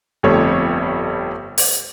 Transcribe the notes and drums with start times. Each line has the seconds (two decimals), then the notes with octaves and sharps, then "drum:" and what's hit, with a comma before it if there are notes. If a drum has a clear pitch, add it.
0.23 G1 F2 G3 A3 C#5
1.58 drum: open hi-hat